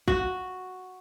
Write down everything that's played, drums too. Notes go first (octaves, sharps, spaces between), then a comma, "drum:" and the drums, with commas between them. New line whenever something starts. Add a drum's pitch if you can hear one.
F#4, drum: kick